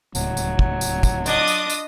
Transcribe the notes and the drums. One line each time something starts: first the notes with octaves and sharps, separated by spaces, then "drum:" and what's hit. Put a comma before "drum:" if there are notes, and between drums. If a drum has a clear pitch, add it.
D1 C#2 A2 F#3, drum: tambourine
drum: tambourine
drum: kick
drum: tambourine
drum: kick, tambourine
D4 F4 D#5 D6 D#6, drum: tambourine
drum: tambourine
drum: tambourine